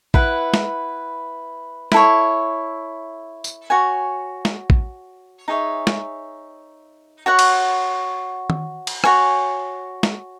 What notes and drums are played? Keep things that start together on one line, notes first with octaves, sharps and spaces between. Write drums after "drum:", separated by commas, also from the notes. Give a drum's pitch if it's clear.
E4 B4 F#5, drum: kick A1
drum: snare
E4 A4 C#5, drum: snare
drum: tambourine
F#4 C#5 G#5
drum: snare
drum: kick A1
D#4 G#4 C#5 E5
drum: snare
F#4 C#5 F#5
drum: cymbal
drum: tom D#3
drum: cymbal
F#4 C#5 G#5, drum: rim click
drum: snare